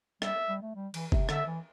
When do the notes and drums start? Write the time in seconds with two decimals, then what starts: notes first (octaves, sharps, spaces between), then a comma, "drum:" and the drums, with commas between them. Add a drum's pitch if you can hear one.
0.22 G3 E5, drum: rim click
0.49 G3
0.62 A3
0.75 G3
0.94 E3, drum: cymbal
1.12 C3, drum: kick
1.29 D3 E5, drum: rim click
1.47 E3